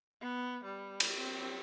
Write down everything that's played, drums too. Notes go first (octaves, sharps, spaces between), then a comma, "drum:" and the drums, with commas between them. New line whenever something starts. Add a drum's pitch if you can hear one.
B3
G3
drum: cymbal
C4